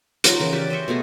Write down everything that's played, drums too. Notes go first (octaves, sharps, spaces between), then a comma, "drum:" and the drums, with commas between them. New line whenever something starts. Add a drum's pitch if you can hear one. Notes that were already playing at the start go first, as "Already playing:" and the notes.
F3 F#3 D#4, drum: hi-hat
C#3 E3 A#4
G4 B4 D5 E5
C5 D#5 E5 C#6
B2 A3 G#4 A#5